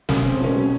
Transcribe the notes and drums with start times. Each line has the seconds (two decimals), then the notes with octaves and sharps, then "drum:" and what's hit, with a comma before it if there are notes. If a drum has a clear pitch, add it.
0.09 G#3 C#4, drum: snare
0.25 C4
0.41 B2 C#4
0.56 F#3